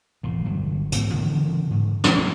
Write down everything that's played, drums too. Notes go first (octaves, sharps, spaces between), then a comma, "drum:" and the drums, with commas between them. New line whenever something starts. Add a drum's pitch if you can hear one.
E1 A2
G1 F#3
A1 G#2 B3, drum: hi-hat
C#3 E3 G3 C4
G#2
F#2 A#2 G#3, drum: snare